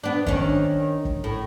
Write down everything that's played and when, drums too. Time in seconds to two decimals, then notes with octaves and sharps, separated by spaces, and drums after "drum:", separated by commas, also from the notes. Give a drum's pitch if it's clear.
0.04 B3 D4
0.27 D#3 C#4, drum: kick
1.05 drum: kick
1.24 A2